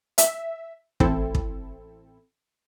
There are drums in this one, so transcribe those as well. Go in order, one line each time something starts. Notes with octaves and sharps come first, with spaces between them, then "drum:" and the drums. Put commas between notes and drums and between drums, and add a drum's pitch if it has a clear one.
E5, drum: hi-hat
A1 C4 E4 A4, drum: kick
drum: kick